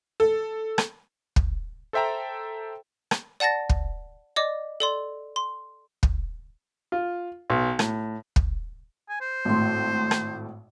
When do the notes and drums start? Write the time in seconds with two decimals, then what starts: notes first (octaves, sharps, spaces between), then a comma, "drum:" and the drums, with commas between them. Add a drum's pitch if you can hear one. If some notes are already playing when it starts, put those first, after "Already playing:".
0.20 A4
0.78 drum: rim click
1.36 drum: kick
1.93 A4 C5 E5 G5 A#5
3.11 drum: rim click
3.40 D5 F#5 A5 A6 A#6
3.69 drum: kick
4.36 D5 D#5 D6
4.80 A4 D5 C6
5.36 C6
6.03 drum: kick
6.92 F4
7.50 B1
7.79 A2, drum: rim click
8.36 drum: kick
9.09 G#5
9.21 C5
9.45 G#1 A2 A3 C6
10.11 drum: rim click